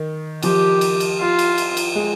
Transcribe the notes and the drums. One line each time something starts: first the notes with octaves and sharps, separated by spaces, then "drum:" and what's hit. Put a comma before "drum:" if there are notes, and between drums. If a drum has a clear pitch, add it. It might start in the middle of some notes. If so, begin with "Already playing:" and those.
Already playing: D#3
F3 G4, drum: cymbal
drum: cymbal
drum: cymbal
F4
drum: cymbal
drum: cymbal
drum: cymbal
G#3